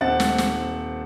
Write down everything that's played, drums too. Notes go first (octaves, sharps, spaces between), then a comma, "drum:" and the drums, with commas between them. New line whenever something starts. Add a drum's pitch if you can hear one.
D#1 C4 F#5 A6
drum: snare
drum: snare